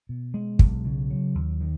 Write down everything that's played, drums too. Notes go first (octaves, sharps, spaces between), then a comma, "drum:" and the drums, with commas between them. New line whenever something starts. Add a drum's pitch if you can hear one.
B2
G#3
B1, drum: kick
C#3
F#3
D#2
D#3